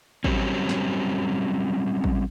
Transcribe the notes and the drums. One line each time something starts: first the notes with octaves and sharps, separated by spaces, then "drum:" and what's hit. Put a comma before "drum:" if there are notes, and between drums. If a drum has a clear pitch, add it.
F#3 G3 C4 C#4, drum: kick A1
drum: snare
drum: kick A1